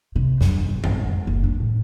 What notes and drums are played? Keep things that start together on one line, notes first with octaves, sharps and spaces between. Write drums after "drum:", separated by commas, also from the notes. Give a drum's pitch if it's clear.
C3
F#2, drum: snare
E2
G#1
A1, drum: tom F#2
F2
F#1
D4
A2